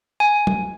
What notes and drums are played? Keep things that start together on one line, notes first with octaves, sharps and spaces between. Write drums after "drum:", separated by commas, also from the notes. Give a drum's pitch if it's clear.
G#5
drum: tom